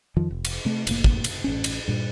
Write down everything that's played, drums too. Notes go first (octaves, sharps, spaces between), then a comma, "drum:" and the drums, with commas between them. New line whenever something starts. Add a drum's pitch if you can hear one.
F2 D#3 F3
F1
drum: cymbal
C3 A3
F1 A2 A#3, drum: cymbal
drum: kick
drum: cymbal
A1 C#4
drum: cymbal
G2 A#2